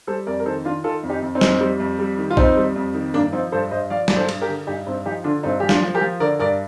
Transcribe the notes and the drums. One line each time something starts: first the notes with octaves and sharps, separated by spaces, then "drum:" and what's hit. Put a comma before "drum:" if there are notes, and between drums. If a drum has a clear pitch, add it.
G3 A4 C5
F2 A#4 D5
A#4
D#3 A4 C5
D#3 D4 F4
D#3 F4 A4
F2
D#4 G4
F2
C4 D#4
F2, drum: snare
G3
F2
G3
D#3
F4
F2 C4 D#4, drum: kick
G3
F2
D#3
G2 A#3 D4
F3 C4 D#4
G2 A4 C5
G2 C5 D#5
F3 D5 F5
G2 D5, drum: snare
A4 C5
G2, drum: cymbal
G4 A#4
D3
G2 D#4 G4
G2 C4 D#4
F3 D#4 G4
D3 D4 F4
G2 C4 D#4
F3 G4
D4 F4, drum: snare
F3
G4 A#4
F3
D3 A#4 D5
G2 A#4 D5